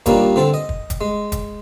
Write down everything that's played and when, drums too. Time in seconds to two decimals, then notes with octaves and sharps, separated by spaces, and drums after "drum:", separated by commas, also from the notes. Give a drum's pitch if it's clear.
0.06 D#2 A#2 G3 A#3 D4, drum: kick, hi-hat
0.36 D3 C4 A4
0.54 D#5
0.69 drum: kick
0.90 drum: kick, hi-hat
1.01 G#3
1.32 drum: kick, hi-hat